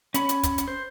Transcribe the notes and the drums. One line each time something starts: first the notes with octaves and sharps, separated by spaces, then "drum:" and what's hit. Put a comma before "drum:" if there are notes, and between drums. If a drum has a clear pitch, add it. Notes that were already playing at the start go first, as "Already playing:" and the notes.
C#4 C#5 B5, drum: hi-hat
drum: hi-hat
drum: kick, hi-hat
drum: hi-hat
C5